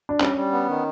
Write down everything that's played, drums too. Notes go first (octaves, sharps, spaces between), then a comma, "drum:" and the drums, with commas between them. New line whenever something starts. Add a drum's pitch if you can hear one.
D4
G3 C#4, drum: clap
G3
B3
D#3